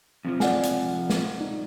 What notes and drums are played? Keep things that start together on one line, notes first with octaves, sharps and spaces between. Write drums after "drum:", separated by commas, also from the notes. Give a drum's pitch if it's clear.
F2 C3 F3
D5 F#5 G#5, drum: snare
drum: hi-hat
drum: snare
D#4